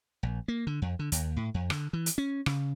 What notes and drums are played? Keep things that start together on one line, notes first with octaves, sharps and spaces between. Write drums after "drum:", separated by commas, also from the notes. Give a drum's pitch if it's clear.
A#1
A#3
D3
F2
D3
D#2, drum: hi-hat
A2
F2
D3, drum: rim click
E3
drum: hi-hat
C#4
C#3, drum: rim click